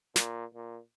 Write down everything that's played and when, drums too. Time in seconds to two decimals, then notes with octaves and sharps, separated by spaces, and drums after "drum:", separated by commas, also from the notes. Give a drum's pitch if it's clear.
0.16 A#2, drum: snare
0.55 A#2